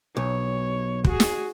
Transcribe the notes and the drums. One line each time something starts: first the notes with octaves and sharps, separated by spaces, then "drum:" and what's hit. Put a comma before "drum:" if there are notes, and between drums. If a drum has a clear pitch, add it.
B1 C#5
F#4 G#4, drum: kick
drum: snare